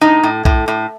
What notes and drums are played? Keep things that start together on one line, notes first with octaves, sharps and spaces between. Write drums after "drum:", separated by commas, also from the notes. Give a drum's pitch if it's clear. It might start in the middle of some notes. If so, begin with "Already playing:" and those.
A2 D#4
A2
A2, drum: kick B1
A2